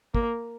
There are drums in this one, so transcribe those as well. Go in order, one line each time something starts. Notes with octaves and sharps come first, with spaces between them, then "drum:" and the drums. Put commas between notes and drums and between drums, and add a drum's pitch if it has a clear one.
A#3, drum: kick